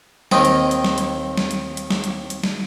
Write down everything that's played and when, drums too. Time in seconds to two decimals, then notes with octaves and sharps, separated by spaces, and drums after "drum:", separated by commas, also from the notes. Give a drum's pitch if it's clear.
0.31 D#2 D#3 C4 D#5 G5 A#5, drum: snare
0.45 drum: hi-hat
0.71 drum: hi-hat
0.84 drum: snare
0.98 drum: hi-hat
1.37 drum: snare
1.51 drum: hi-hat
1.77 drum: hi-hat
1.90 drum: snare
2.04 drum: hi-hat
2.30 drum: hi-hat
2.43 drum: snare